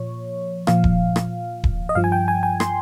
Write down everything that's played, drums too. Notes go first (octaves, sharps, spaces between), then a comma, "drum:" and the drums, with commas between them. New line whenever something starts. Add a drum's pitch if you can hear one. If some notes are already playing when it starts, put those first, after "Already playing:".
Already playing: A#2 F3 C#5
A#2 F3 F5, drum: rim click
drum: kick D#1
drum: rim click
drum: kick D#1
D#5
G2 F3 F5
G#5
G5
G#5
G#5
C6, drum: rim click